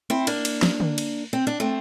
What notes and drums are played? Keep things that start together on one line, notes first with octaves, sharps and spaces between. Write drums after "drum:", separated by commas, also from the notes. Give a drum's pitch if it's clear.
C4 E4
A#3 D4, drum: cymbal
drum: cymbal
drum: snare
drum: tom D3
drum: cymbal
C4
D4
A3 C4